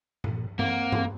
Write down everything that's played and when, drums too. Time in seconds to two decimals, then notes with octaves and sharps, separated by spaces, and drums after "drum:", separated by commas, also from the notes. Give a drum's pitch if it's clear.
0.24 A#2, drum: tom G2
0.59 A#3 C4 F#5, drum: tom G2
0.92 drum: tom G2